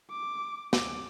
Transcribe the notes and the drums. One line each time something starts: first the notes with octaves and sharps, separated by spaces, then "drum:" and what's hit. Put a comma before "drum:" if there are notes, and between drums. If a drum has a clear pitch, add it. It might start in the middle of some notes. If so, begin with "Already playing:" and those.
D6
D6, drum: snare